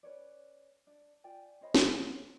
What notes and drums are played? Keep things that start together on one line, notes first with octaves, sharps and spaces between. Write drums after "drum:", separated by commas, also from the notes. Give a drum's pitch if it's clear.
C#4 B4 C#5 D5
D4
F4 D5 G5 G#5
C#4 C5 D#5 B5
C#5, drum: snare